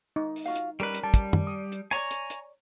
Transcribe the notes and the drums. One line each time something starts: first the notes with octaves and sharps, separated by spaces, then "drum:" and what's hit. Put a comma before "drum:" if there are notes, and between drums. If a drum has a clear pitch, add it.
D#4
drum: open hi-hat
F4 F#4 F5
drum: hi-hat
G3 C#4 A#4 B4 D#5
drum: hi-hat
G3 A5
drum: kick, hi-hat
drum: tom
D#6
drum: hi-hat
C#5 D5 G#5 A#5 C#6, drum: hi-hat
drum: hi-hat
drum: hi-hat